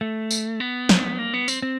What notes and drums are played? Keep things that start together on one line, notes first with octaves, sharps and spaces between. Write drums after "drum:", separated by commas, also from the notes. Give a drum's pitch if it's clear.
A3
drum: tambourine
B3
drum: snare
A#3
B3
C4, drum: tambourine
C4